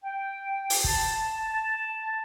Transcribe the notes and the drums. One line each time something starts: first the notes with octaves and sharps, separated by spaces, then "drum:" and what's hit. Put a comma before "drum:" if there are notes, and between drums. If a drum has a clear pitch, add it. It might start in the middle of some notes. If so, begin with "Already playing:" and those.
G5
drum: open hi-hat
A5, drum: kick